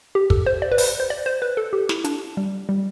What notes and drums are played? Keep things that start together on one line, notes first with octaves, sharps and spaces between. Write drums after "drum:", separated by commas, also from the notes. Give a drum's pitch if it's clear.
G4
A4, drum: kick
C5
D5
B4
C5, drum: open hi-hat
C5
D5
C5
B4
A4
G4
E4, drum: snare
D4, drum: hi-hat
G3
G3